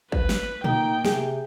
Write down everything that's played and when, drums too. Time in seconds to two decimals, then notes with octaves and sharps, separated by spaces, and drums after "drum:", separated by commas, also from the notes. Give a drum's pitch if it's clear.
0.12 B4, drum: kick
0.29 drum: snare
0.64 A#3 D#4 G5, drum: tom A#2
1.05 C3 G#4, drum: snare